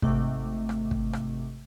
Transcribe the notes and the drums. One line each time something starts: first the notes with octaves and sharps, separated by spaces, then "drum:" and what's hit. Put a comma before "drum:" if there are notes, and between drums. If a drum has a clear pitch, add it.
G#1 G#2 C3 A3 D6, drum: kick
drum: rim click
drum: kick
drum: rim click